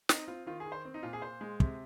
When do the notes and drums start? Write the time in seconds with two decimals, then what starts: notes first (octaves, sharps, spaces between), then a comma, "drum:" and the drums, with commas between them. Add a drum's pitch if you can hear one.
0.09 C4 D#4, drum: snare
0.28 C4 F4
0.46 D#3 F4
0.60 G#4
0.66 D#3
0.72 C5
0.85 C4
0.94 D#4
1.03 A#2 F4
1.13 G#4
1.22 A#2 C5
1.41 G#3
1.60 C3, drum: kick